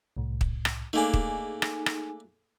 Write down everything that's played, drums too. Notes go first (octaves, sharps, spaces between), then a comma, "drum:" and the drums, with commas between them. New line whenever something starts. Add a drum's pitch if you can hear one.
C2 A2
drum: kick
drum: rim click
A3 A#3 D4 D#4 G#4 G#5
drum: kick
drum: rim click
drum: rim click